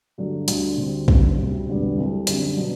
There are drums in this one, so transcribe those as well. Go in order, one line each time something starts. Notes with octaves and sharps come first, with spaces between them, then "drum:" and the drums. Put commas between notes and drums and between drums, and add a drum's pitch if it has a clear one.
G2 D3 F#3 A3
D2 D3 G3 D4, drum: hi-hat
D2 D3 G3 C4
G1 F#2 D3, drum: kick A#1
D2 C3 G3
E1 D2 D3 G3 B3
C2 C3 F#3 A3 C4
F#2 D3 G3 C4, drum: hi-hat
B2 F#3 B3 D4